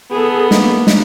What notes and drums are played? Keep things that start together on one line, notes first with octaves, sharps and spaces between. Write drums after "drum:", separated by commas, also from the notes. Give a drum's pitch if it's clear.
B3 G#4 A4
A#3, drum: snare
drum: snare